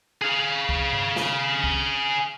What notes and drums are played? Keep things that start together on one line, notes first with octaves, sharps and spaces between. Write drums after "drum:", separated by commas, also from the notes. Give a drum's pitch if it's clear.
G#4 F5
drum: kick
drum: tom G2
drum: snare
drum: kick